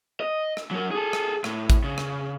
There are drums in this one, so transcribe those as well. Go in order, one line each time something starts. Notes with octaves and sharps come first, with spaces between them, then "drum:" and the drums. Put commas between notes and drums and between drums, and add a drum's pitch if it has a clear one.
D#5
drum: rim click
F#3 A#4
G#4 A4
drum: rim click
A2, drum: rim click
drum: kick A1, hi-hat
C#3
drum: rim click